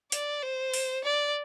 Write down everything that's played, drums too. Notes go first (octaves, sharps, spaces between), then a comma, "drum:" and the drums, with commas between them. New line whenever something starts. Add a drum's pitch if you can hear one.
D5, drum: hi-hat
C5
drum: open hi-hat
D5